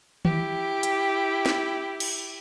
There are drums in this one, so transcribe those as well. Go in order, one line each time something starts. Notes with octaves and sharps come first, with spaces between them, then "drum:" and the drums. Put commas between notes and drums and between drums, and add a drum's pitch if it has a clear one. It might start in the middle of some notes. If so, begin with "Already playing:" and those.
E4 G4, drum: tom D#3
drum: hi-hat
drum: snare
drum: cymbal